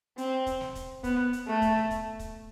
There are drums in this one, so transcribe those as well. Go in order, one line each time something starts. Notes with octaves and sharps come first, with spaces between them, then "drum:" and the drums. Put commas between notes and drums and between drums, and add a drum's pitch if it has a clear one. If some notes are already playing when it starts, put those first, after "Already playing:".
C4, drum: hi-hat
drum: kick, hi-hat
drum: snare
drum: kick, hi-hat
B3, drum: kick, hi-hat
drum: hi-hat
A3
drum: kick, hi-hat
drum: snare
drum: kick, hi-hat
drum: kick, hi-hat